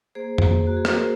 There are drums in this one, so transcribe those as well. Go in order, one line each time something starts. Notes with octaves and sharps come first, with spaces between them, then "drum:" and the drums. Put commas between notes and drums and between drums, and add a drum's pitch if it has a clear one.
A#3 G#4 C5
A#3, drum: tom F2
A#3
F#4
G#4
A#3 A#4, drum: rim click
C5